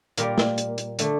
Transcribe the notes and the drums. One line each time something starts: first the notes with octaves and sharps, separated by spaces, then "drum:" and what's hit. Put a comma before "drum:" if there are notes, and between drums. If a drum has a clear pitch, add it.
A#2 G3 A#3 F4, drum: hi-hat
drum: snare
drum: hi-hat
drum: hi-hat
D3 A3, drum: hi-hat